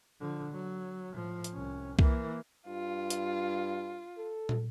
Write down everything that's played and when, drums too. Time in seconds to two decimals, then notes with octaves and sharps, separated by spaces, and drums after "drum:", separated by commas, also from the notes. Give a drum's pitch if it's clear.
0.20 D3 F3
0.52 F#3
1.13 A2 F3
1.44 drum: hi-hat
1.54 C2 C#4
1.99 E3 A#3, drum: kick C2
2.68 G2 F4
3.10 drum: hi-hat
4.18 A4
4.49 drum: tom